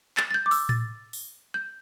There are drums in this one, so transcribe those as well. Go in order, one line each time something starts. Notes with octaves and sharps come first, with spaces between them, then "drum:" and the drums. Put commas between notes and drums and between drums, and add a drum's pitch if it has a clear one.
A6, drum: clap
A6
G6
D6
E6, drum: open hi-hat
A6, drum: tom A2
drum: open hi-hat
G6